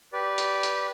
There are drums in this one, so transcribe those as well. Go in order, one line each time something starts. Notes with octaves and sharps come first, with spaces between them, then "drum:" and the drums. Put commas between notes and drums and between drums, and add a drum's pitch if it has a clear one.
G4 B4 D5
drum: hi-hat
drum: hi-hat